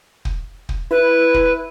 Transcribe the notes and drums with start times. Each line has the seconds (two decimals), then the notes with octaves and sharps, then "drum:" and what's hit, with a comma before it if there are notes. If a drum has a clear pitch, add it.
0.25 drum: kick
0.69 drum: kick
0.91 E4 B4
1.34 drum: kick